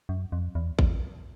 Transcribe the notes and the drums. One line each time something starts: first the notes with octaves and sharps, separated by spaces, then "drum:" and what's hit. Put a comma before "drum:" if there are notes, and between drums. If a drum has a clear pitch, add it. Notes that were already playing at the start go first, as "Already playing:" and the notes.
F#2
F2
E2
E2, drum: kick A1